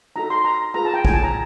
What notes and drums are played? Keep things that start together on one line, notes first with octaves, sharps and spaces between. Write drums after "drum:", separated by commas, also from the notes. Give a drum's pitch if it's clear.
D#4 F#4 A4 A#5
C6
A#5
F4 G#4 B4 A#5
A5
G5
G#5, drum: kick
A5
A#5